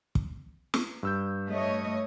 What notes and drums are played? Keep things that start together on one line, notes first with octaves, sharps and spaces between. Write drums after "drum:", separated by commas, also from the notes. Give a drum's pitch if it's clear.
drum: kick
drum: snare
G2 E6 G6
A3 C#5 D#5